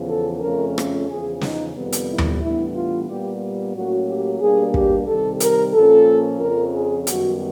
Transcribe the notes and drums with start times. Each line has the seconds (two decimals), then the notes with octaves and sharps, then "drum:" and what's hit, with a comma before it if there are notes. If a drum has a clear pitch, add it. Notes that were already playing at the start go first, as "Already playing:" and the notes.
Already playing: E2 C#3 F3
0.08 A4
0.41 F2 C#3 F3 A3 C#4 A#4
0.78 drum: rim click
1.07 E2 C#3 F3 G#4
1.41 D#4, drum: snare
1.74 F2 C3 D#3 G3 B3
1.92 drum: hi-hat
2.08 E4
2.18 drum: tom D#2
2.41 A2 E3 G3 B3 D4 E4
2.75 F4
3.07 A#2 G3 B3 G4
3.74 A2 F#3 A#3 C#4 F#4
4.08 G4
4.41 B2 G3 A#3 D4 G#4
4.74 G4, drum: kick
5.07 C3 D#3 G3 A4
5.40 A#4, drum: hi-hat
5.74 A#2 F3 A#3 C#4 A4
6.40 F2 C#3 F3 A#4
6.74 G#4
7.07 F#2 D#3 G3 B3 F#4, drum: hi-hat